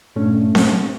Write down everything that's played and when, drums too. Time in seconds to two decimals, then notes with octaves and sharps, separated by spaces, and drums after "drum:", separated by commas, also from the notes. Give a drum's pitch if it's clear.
0.16 G2 A#2 A3 C#4 D4
0.55 drum: snare C4